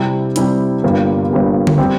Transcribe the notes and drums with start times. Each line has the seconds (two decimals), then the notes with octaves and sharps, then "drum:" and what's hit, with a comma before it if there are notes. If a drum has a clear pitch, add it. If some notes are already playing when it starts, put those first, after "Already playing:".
Already playing: C3 G3 C4 E4
0.36 C3 G3 C4 E4, drum: hi-hat
0.83 G1 G2 G3 A#3
1.31 G1 G2 G3 A#3
1.67 drum: tom D3
1.78 G3 C4